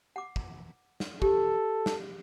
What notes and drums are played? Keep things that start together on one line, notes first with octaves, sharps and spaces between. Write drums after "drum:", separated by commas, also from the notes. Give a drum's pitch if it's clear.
F#5 D6
drum: kick
drum: snare
G4 A4, drum: kick
drum: snare